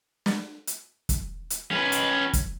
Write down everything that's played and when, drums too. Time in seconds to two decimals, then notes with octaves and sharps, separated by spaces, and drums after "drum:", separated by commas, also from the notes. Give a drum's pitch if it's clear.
0.26 drum: snare
0.67 drum: hi-hat
1.09 drum: kick, hi-hat
1.50 drum: hi-hat
1.71 C#4 B4
1.92 drum: hi-hat
2.33 drum: kick, hi-hat